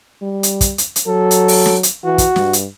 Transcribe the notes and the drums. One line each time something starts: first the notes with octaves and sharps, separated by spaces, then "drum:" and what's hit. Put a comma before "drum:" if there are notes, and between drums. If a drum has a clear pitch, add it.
G3
drum: hi-hat
drum: kick, hi-hat
drum: hi-hat
drum: hi-hat
F#3 A4
drum: hi-hat
drum: open hi-hat
drum: snare
drum: hi-hat
E3 F#4
drum: kick, hi-hat
G2, drum: snare
drum: hi-hat